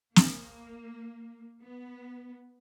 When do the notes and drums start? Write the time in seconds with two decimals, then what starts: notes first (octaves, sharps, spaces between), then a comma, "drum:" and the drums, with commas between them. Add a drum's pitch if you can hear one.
0.16 A#3, drum: snare
1.62 B3